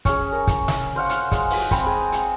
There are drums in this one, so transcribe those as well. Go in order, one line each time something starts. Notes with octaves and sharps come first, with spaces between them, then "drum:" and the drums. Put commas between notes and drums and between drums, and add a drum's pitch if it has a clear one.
C#4 G#4, drum: kick, hi-hat
A#4
drum: kick, hi-hat
drum: snare
C5 F5 F#5
drum: hi-hat
G#3, drum: kick, hi-hat
drum: open hi-hat
C4 B5, drum: kick, hi-hat
G#4 G#5 A#5
drum: hi-hat